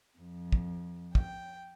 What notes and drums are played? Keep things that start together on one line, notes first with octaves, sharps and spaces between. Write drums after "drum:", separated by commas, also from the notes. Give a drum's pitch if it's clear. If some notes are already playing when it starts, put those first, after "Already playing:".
F2
drum: kick
G5, drum: kick